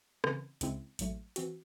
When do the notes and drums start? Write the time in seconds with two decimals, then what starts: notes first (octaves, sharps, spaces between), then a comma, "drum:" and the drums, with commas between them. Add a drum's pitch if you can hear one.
0.24 C#3 E3 C4, drum: rim click
0.61 C#2 C#3 G#3 C4 E4, drum: hi-hat
0.99 A1 G#2 F#3 A3, drum: hi-hat
1.36 E3 C4 F#4, drum: hi-hat